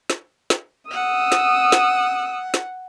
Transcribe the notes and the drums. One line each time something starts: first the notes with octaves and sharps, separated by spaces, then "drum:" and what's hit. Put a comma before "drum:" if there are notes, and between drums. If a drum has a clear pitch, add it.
drum: snare
drum: snare
F#5 D#6 E6
drum: snare
drum: snare
drum: snare